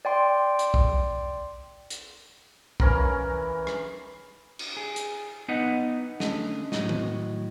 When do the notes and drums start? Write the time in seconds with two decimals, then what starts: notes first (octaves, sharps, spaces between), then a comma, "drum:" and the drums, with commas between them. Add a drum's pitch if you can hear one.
0.05 D5 G5 C6
0.59 drum: hi-hat
0.74 drum: kick
1.90 drum: hi-hat
2.80 E3 C#4 A#4 B5, drum: kick
3.67 drum: rim click
4.59 drum: cymbal
4.77 G#4
4.96 drum: hi-hat
5.48 B3 D#4 B4 D#5 F#5
6.20 D3 A3 C#4 D#5, drum: snare
6.72 A2 F#3 F#4 D#5, drum: snare
6.89 drum: tom D#3